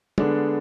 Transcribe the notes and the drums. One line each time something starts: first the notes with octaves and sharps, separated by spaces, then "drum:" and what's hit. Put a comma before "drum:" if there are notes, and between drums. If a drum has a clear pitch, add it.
D3 G#3 B3 D4, drum: tom